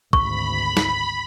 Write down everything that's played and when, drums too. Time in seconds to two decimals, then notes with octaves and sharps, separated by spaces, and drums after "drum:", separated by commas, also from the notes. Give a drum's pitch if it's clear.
0.13 G#1 D2 B5 C#6, drum: kick
0.77 drum: snare